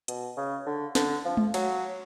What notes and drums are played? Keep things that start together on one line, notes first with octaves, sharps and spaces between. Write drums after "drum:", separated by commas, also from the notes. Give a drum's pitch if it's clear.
B2, drum: hi-hat
C#3
D3
D3, drum: snare
F3
drum: tom G#3
F#3, drum: cymbal